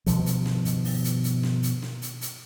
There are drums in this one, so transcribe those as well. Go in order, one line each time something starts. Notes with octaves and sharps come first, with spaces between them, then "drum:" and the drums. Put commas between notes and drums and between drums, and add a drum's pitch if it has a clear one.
G2 B2 D#3 F3, drum: hi-hat
drum: hi-hat
drum: snare
drum: kick, hi-hat
drum: open hi-hat
drum: hi-hat
drum: hi-hat
drum: snare
drum: hi-hat
drum: snare
drum: hi-hat
drum: hi-hat